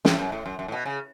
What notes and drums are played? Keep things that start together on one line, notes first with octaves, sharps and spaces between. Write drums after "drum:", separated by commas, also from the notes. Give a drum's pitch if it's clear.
A2, drum: snare
F#2
A2
F#2
F#2
A2
B2
C#3